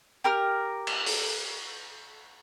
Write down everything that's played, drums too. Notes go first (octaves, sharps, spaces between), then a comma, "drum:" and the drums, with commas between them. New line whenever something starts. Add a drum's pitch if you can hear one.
G4 A#4 F6
drum: cymbal
drum: open hi-hat